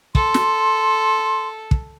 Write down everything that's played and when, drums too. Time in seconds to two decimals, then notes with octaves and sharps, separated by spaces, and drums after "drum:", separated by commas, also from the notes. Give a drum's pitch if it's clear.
0.15 A4 C6, drum: kick
0.34 drum: snare
1.71 drum: kick